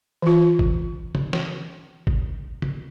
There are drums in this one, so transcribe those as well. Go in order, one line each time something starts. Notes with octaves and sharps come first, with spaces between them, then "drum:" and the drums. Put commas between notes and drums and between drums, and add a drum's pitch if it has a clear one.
E3 F4
drum: kick G#1
drum: tom
drum: snare
drum: kick G#1
drum: tom